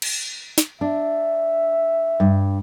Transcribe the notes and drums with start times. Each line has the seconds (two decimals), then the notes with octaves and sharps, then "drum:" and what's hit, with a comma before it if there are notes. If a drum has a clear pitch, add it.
0.02 drum: cymbal
0.58 drum: snare
0.81 D4 E5
2.20 G2